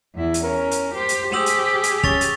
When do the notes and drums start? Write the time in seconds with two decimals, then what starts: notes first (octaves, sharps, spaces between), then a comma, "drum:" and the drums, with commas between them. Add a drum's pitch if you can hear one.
0.15 E2 E4
0.34 drum: hi-hat
0.44 C#4 A#4
0.71 drum: hi-hat
0.94 G4 C5
1.09 drum: hi-hat
1.33 G4 G#4 C5 D#6 E6 F#7
1.46 drum: hi-hat
1.83 drum: hi-hat
2.03 C#4 C#6 A6 F7, drum: kick
2.21 drum: hi-hat